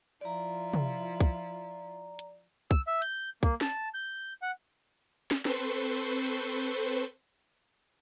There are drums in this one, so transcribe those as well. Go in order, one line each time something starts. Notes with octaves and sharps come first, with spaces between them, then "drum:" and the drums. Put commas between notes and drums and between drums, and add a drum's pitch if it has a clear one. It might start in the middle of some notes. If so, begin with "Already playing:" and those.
F3 E4 F4 D5 A#5
drum: tom C3
drum: kick
drum: hi-hat
E6, drum: kick
E5
G6, drum: hi-hat
A#3, drum: kick
A5, drum: snare
G6
F#5
drum: snare
C4 A4 B4 C5 C6 C#6, drum: snare
drum: hi-hat